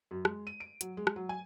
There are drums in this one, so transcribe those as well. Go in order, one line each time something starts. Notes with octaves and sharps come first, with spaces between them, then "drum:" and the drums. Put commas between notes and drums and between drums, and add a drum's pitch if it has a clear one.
F#2
G#3, drum: rim click
D#7
D7
F#3, drum: hi-hat
G#3
drum: rim click
F#3
G#5